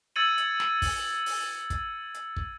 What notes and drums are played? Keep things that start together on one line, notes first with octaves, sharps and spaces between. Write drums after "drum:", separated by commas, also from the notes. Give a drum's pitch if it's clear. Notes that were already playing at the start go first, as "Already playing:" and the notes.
E6 G#6 A6 C#7 D#7 F#7
drum: hi-hat
drum: snare
drum: kick, open hi-hat
drum: open hi-hat
drum: kick, hi-hat
drum: hi-hat
drum: kick